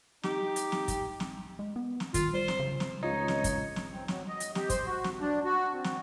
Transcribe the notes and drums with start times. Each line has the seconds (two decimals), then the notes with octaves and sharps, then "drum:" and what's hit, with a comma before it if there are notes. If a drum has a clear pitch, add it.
0.23 D#4 G4, drum: snare
0.56 drum: hi-hat
0.72 drum: snare
0.88 drum: kick, hi-hat
1.20 drum: snare
1.59 G#3
1.76 B3
2.00 drum: snare
2.14 D#3 F4, drum: kick, hi-hat
2.34 G3 C5
2.48 drum: snare
2.59 C#3
2.80 drum: snare
3.03 C#2 D#4 F4 C#5 D#5
3.28 drum: snare
3.44 drum: kick, hi-hat
3.76 drum: snare
3.93 C4
4.08 F#3, drum: snare
4.29 D#5
4.40 drum: hi-hat
4.55 G4, drum: snare
4.70 C5, drum: kick, hi-hat
4.86 F#4
5.04 drum: snare
5.21 D4
5.45 F#4
5.73 C4
5.84 drum: snare